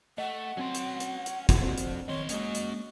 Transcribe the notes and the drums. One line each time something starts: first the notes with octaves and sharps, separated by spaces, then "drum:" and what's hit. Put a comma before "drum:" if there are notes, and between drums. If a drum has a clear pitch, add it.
A3 D#5 F#5
F#3 C4 C#4 C6
drum: hi-hat
drum: hi-hat
drum: hi-hat
F2 D#3 F#4, drum: kick, hi-hat
C4 D4 C5
drum: hi-hat
B1 D#3 C4 C#5 D#5 C6
G#3 A#3 C#4 F#4 D#5, drum: hi-hat
drum: hi-hat